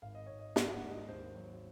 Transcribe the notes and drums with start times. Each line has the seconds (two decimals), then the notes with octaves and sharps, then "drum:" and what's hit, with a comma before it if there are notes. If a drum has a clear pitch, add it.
0.02 G#1 F5
0.15 D#5
0.26 G#1 C#5
0.39 D#5
0.56 G#1 F#5, drum: snare
0.73 F#5
0.82 G#2
0.90 D#5
1.08 D#2 C5
1.35 F#3